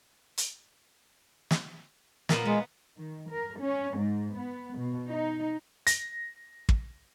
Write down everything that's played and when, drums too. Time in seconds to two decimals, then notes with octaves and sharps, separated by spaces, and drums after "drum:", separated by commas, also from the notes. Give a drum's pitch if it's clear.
0.38 drum: hi-hat
1.51 drum: snare
2.29 A#2 A#3 B3, drum: snare
2.45 G#3 B3
2.97 D#3
3.29 A#4
3.60 C#4
3.96 G#2
4.37 B3
4.78 B2
5.08 D#4
5.87 A#6, drum: hi-hat
6.69 drum: kick